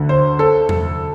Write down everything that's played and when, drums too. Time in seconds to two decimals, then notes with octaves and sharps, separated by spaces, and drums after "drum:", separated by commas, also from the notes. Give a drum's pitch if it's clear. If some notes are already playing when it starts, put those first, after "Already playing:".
Already playing: D2 D3
0.09 C5
0.39 A4
0.69 drum: tom E2